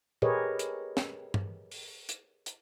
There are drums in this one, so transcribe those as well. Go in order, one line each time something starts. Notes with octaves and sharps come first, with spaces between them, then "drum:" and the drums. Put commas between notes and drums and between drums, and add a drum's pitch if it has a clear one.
G4 G#4 A#4 B4 C#5 D#5, drum: tom A#2
drum: hi-hat
drum: snare
drum: tom G2
drum: open hi-hat
drum: hi-hat
drum: hi-hat